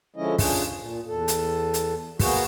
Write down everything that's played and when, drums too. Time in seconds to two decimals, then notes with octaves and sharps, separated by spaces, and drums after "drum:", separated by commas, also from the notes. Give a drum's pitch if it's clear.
0.16 D3 F3 G#3 C#4 E4 D#5
0.38 C#4 D4 F4 G#4, drum: kick, open hi-hat
0.78 A#2
1.07 E2 A4
1.28 drum: hi-hat
1.74 drum: hi-hat
2.19 A#3 B3 F#4 G#4, drum: kick, open hi-hat